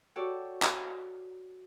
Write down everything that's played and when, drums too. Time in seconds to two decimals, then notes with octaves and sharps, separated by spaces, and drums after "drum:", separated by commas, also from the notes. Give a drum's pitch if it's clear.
0.16 F#4 G4 A4 C#5 D5
0.62 drum: clap